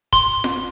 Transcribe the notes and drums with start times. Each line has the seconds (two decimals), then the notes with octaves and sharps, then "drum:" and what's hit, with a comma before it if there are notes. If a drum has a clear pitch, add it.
0.13 C6, drum: kick, hi-hat
0.44 drum: snare F4